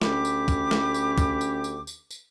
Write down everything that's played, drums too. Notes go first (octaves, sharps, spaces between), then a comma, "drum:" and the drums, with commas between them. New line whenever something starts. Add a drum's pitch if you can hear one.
D2 C#4 G4 B5 D6, drum: snare
drum: tambourine
drum: kick, tambourine
drum: snare
drum: tambourine
drum: kick, tambourine
drum: tambourine
drum: tambourine
drum: tambourine
drum: tambourine